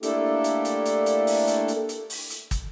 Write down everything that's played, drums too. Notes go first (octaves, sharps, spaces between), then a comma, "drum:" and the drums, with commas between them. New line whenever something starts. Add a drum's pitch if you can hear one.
A3 A#3 D4 E4 G4 A4, drum: hi-hat
drum: hi-hat
drum: hi-hat
drum: hi-hat
drum: hi-hat
drum: open hi-hat
drum: hi-hat
drum: hi-hat
drum: hi-hat
drum: open hi-hat
drum: hi-hat
drum: kick, hi-hat